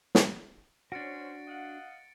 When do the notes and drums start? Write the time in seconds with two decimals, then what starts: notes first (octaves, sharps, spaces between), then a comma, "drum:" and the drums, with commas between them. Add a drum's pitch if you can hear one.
0.15 drum: snare
0.92 C#4 D4 F#4 C5 A6 C#7 D7
1.47 D#5 F5 F#5